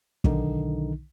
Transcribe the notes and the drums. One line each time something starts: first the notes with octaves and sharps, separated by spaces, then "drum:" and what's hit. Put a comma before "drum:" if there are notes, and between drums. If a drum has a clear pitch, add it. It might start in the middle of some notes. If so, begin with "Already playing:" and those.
B1 D3 D#3 D#4, drum: kick